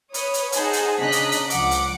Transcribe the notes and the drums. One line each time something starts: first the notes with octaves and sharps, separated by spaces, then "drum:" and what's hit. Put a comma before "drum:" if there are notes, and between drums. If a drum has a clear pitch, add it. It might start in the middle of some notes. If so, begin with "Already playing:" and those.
B4 C#5 D#6, drum: hi-hat
drum: hi-hat
D#4 G#4 C5 F#5 G#5 A5, drum: hi-hat
drum: hi-hat
C#3 D4 D#5 A#5 F#6 B6
drum: hi-hat
drum: hi-hat
C#2 F3 F#5 D6, drum: hi-hat
drum: hi-hat